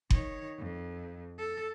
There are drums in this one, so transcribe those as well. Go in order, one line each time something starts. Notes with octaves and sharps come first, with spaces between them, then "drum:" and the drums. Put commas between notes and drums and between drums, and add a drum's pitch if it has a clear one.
D#3 C#5, drum: kick F#1
F2
A4